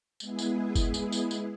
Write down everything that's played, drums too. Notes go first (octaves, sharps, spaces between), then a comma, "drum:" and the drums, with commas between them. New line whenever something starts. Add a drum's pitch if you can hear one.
G#3 B3 E4 G#4, drum: tambourine
drum: tambourine
drum: kick F#1, tambourine
drum: tambourine
drum: tambourine
drum: tambourine